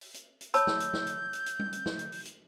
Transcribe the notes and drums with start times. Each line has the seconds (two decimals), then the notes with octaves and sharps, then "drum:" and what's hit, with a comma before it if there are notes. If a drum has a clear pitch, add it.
0.01 drum: open hi-hat
0.14 drum: hi-hat
0.41 drum: hi-hat
0.54 C#5 A5 B5 E6 G6, drum: hi-hat
0.67 drum: snare
0.80 drum: hi-hat
0.93 drum: snare
1.07 drum: hi-hat
1.33 drum: hi-hat
1.46 drum: hi-hat
1.59 drum: tom G3
1.73 drum: hi-hat
1.86 drum: snare
1.99 drum: hi-hat
2.12 drum: open hi-hat
2.25 drum: hi-hat